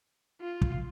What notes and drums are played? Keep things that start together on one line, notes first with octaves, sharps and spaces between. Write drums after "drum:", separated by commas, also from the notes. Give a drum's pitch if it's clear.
F4
drum: kick